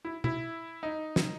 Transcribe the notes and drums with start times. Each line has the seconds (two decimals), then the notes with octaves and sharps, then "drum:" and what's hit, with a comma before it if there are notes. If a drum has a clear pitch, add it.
0.05 E4
0.24 E4, drum: tom
0.83 D#4
1.16 drum: snare